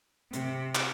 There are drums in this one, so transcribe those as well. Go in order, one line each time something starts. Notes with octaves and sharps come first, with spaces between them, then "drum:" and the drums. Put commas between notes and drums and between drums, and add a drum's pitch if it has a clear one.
C3, drum: hi-hat
drum: clap